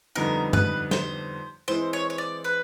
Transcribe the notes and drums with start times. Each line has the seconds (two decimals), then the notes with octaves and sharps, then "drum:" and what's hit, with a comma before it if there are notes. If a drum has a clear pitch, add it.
0.16 F2 D3 G3 B3 D#4 A#4
0.53 B4, drum: tom F#2
0.91 C5, drum: snare
1.68 E3 G#3 C4 E4 C5
1.93 C#5
2.10 C#5
2.18 D5
2.44 B4